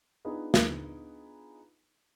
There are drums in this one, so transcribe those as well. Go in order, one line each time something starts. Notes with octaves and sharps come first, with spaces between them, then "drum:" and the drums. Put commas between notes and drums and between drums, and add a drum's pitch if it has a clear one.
B3 D4 D#4 F4 G#4 B4
drum: snare